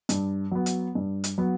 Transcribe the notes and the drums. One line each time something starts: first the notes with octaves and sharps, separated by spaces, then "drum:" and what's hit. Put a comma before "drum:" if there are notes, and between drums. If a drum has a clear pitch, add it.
G2, drum: hi-hat
F#3 B3
drum: hi-hat
G2
drum: hi-hat
F#3 B3